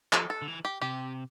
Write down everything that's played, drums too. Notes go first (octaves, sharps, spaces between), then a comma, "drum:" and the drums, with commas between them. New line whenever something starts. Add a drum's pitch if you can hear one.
F3 A4, drum: clap
A4
D3
E3
G4
C3 G4